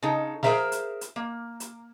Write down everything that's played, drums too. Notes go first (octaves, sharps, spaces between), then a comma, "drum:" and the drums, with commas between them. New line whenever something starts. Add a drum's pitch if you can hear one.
C#3 D#4 A4
G#4 A#4 C5 E5 F5 A#5, drum: snare
drum: hi-hat
drum: hi-hat
A#3
drum: hi-hat